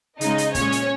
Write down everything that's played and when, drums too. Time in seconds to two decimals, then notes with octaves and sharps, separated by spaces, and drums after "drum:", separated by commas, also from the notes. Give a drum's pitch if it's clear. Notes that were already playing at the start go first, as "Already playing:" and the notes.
0.21 C#3 G#3 D#4 D#5, drum: hi-hat
0.38 drum: hi-hat
0.55 A#2 G#3 C#4 C#5, drum: kick, hi-hat
0.72 drum: hi-hat